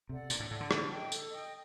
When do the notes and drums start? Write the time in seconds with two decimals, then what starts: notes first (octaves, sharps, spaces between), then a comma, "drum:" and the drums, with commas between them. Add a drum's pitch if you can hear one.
0.09 C3 A4 D5 F#5
0.30 A#2 D4, drum: tambourine
0.40 A2
0.50 A2 A4 D5 F#5
0.60 D3
0.71 A4, drum: rim click
0.91 D#5 G5
1.12 A4, drum: tambourine
1.31 D#5 G5